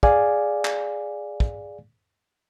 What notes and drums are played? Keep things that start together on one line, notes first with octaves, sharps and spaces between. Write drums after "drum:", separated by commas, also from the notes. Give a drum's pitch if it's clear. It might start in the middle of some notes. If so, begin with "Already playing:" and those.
G#4 D5 F5 G#5, drum: kick
drum: clap
drum: kick